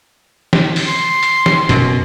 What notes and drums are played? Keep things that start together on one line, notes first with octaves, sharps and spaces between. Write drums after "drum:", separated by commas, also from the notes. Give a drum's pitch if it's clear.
drum: snare
drum: open hi-hat
C6
drum: hi-hat
drum: snare
F#2 B2, drum: hi-hat